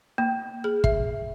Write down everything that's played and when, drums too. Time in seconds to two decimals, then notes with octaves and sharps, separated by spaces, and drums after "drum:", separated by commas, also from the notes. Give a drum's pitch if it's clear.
0.18 A#3
0.64 G#4
0.84 E5, drum: kick